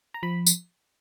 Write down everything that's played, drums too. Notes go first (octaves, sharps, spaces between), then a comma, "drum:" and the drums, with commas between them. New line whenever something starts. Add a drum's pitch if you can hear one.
A#5
F3 B5
drum: tambourine